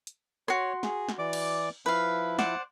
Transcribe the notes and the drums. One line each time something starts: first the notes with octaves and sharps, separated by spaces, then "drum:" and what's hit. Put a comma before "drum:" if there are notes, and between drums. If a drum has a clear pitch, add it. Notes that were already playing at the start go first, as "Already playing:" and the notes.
drum: hi-hat
F#4 C#5 C6, drum: rim click
G#4, drum: snare
drum: snare
E3 D5 D6
drum: cymbal
F3 E4 B4 F5
C5 D5 F#5, drum: snare